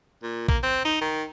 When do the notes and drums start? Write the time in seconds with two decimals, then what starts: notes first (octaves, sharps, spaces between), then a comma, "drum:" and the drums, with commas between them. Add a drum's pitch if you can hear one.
0.23 A#2
0.48 A#3, drum: kick
0.63 C4
0.85 D#4
1.01 D#3